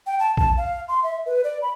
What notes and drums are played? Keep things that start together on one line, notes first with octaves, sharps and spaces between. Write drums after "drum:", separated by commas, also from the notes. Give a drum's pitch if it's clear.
G5
A5
A5, drum: kick A#1
F5
C6
E5
B4
D5
B5